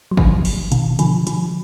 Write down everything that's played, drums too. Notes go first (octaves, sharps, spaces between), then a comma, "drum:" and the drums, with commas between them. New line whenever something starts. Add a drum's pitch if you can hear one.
F#3
D3 F3, drum: kick
drum: open hi-hat
B2 D#3, drum: hi-hat
D3 F3, drum: hi-hat
D3 F3, drum: hi-hat